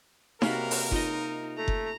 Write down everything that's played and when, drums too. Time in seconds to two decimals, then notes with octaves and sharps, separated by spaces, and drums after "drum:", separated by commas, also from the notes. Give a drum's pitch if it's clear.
0.42 C#2 C3 A#3 F#4 A#4 F5 B5, drum: snare D#4
0.71 drum: open hi-hat
0.91 D#4 F4 D#5, drum: kick F#1
1.57 A3 A#5
1.68 drum: kick F#1